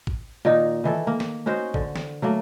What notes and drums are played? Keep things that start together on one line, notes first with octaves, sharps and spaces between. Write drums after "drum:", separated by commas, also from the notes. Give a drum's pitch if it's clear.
drum: kick
A#2 D#3 D#4
D#3 E3 A4
A#3
drum: snare
C#4 D#4 F#4 C5
D3, drum: kick
drum: snare
F#3 A3 A#3